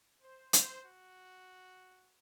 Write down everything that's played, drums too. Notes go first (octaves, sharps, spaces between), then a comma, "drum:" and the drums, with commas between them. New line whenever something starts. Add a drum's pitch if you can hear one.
C5
C5, drum: hi-hat
F#4